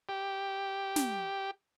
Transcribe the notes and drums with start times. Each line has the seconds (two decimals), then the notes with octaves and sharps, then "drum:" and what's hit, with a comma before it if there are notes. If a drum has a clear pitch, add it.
0.09 G4
0.96 drum: snare